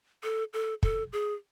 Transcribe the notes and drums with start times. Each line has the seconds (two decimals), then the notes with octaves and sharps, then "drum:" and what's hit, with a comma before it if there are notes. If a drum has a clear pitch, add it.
0.23 A4
0.53 A4
0.83 A4, drum: kick
1.13 G#4